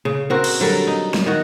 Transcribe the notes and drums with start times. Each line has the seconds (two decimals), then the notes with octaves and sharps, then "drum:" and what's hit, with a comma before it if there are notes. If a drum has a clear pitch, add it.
0.05 C#3
0.30 C4 F#4 A#4
0.44 drum: cymbal
0.60 D3 F#3 G3 A#4
0.87 D#4
1.14 drum: snare
1.26 D#3 F#4